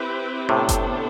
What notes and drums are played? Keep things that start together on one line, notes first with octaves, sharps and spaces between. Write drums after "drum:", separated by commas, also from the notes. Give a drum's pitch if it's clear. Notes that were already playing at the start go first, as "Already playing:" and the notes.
Already playing: C4 E4 G4 B4
A2 C3 B3 D4 A4 C5
drum: kick F#1, hi-hat